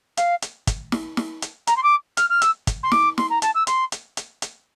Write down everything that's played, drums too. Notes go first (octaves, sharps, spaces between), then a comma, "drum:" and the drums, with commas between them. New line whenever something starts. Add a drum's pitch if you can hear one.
F5, drum: hi-hat
drum: hi-hat
drum: kick, hi-hat
drum: snare
drum: snare
drum: hi-hat
A#5, drum: hi-hat
C6
D6
F6, drum: hi-hat
F6
E6, drum: hi-hat
drum: kick, hi-hat
C6
D6, drum: snare
C6, drum: snare
A#5
A5, drum: hi-hat
E6
C6, drum: hi-hat
drum: hi-hat
drum: hi-hat
drum: hi-hat